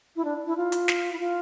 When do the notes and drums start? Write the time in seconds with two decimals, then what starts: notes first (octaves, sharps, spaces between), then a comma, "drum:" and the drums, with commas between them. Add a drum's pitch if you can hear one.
0.16 E4
0.24 D4
0.46 E4
0.57 F4
0.72 drum: hi-hat
0.88 drum: snare
1.12 E4
1.19 F4